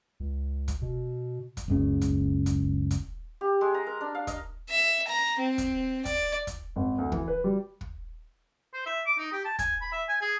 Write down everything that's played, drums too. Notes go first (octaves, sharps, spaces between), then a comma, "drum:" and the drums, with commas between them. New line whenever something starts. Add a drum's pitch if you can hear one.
C#2
drum: kick, hi-hat
B2
drum: kick, hi-hat
F#1 C#2 C#3
drum: kick, hi-hat
drum: kick, hi-hat
drum: kick, hi-hat
G4
G#3
A#5
A#4
D4
F5
D#5, drum: kick, hi-hat
E5
A#5
C4
drum: kick, hi-hat
D5, drum: kick, hi-hat
drum: kick, hi-hat
G#1
D2
E3, drum: kick
B4
G3
drum: kick
C5
E5
D6
D#4
G4
A5
G#5, drum: kick, hi-hat
B5
E5
G#5
G#4